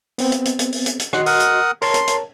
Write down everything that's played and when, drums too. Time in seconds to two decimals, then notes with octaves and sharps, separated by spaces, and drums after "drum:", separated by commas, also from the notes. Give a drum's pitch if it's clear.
0.18 B3 C4, drum: open hi-hat
0.32 drum: hi-hat
0.45 drum: hi-hat
0.59 drum: hi-hat
0.72 drum: open hi-hat
0.86 drum: hi-hat
0.99 drum: hi-hat
1.13 F#4 D#5 F#5 C6, drum: rim click
1.26 A#4 F#5 D#6, drum: open hi-hat
1.40 drum: hi-hat
1.82 A#4 C#5 A5 C6, drum: open hi-hat
1.94 drum: hi-hat
2.07 drum: hi-hat